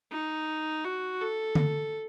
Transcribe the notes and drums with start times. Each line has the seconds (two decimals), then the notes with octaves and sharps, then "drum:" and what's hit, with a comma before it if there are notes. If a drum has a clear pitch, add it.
0.12 D#4
0.85 F#4
1.21 A4
1.55 drum: tom D3